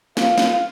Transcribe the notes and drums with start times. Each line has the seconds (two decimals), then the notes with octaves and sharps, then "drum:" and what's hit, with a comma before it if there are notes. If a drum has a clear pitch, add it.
0.17 F4, drum: snare
0.38 drum: snare